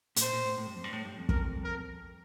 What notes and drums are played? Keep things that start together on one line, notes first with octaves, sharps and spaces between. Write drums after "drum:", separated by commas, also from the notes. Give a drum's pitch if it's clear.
A2, drum: hi-hat
A#2 C5
A#2
A2
A2
G2
F2
G2
A2
G2
F2
F2 A#4, drum: kick
A#4